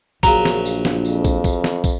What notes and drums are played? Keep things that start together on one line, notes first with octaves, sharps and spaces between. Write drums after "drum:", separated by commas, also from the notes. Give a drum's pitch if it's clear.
A#1 C#3 F#3 A#5, drum: kick, tambourine
drum: snare
drum: tambourine
drum: snare
F2, drum: tambourine
drum: kick, tambourine
drum: kick, tambourine
drum: snare
drum: kick, tambourine